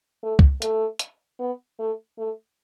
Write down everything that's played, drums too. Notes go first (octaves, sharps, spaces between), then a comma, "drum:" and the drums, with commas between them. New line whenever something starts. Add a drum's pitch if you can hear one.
A3
drum: kick
A3, drum: hi-hat
drum: hi-hat
B3
A3
A3